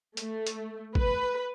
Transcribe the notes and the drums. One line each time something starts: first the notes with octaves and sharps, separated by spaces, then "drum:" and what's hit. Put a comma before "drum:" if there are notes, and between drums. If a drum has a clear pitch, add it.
A3, drum: hi-hat
drum: hi-hat
B4, drum: kick G#1